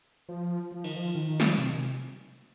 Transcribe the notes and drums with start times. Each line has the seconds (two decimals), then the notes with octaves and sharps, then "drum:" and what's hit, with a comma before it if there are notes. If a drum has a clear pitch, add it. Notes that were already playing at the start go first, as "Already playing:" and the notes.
0.29 F3
0.72 F3
0.84 D#3, drum: cymbal
0.96 F3
1.15 D#3
1.40 drum: snare
1.58 C3